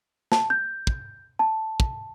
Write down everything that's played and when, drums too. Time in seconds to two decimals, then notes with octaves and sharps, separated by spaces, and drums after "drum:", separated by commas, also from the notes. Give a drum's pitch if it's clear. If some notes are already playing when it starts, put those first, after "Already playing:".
0.32 A5, drum: snare
0.50 G6
0.87 drum: kick
1.39 A5
1.80 drum: kick